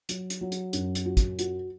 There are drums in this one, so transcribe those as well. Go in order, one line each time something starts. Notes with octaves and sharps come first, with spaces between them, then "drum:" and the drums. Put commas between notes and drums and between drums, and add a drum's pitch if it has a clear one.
F#3, drum: hi-hat
drum: hi-hat
F#3
drum: hi-hat
F#2, drum: hi-hat
drum: hi-hat
F#4
drum: kick, hi-hat
F#4, drum: hi-hat